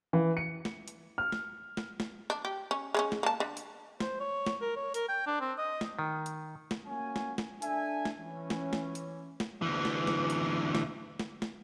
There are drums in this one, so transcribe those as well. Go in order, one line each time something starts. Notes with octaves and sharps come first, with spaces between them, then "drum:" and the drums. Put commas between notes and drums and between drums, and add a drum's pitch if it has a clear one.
E3
C#7
drum: snare
drum: hi-hat
F6
drum: snare
drum: snare
drum: snare
D4
G4
C#4
G#3 A3 C#4
drum: snare
A#3 A5
D3
drum: hi-hat
C5, drum: snare
C#5
drum: snare
A#4
C#5
A#4, drum: hi-hat
G5
D4
C4
D#5
drum: snare
D#3
drum: hi-hat
drum: snare
A#3 C#4 F#4 G#5
drum: snare
drum: snare
D4 A4 E5 G#5, drum: hi-hat
drum: snare
E3 C#4
drum: snare
drum: snare
drum: hi-hat
drum: snare
D2 E3
drum: snare
drum: snare
drum: hi-hat
drum: snare
drum: snare
drum: snare